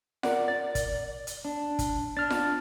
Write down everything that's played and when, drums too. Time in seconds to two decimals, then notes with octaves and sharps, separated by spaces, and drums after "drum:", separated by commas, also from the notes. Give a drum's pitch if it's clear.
0.23 A#4 D5 F#5, drum: snare F4
0.48 D5 A6
0.75 drum: kick, hi-hat
1.27 drum: hi-hat
1.45 D4
1.79 drum: kick, hi-hat
2.17 D4 F6 A6
2.30 drum: snare F4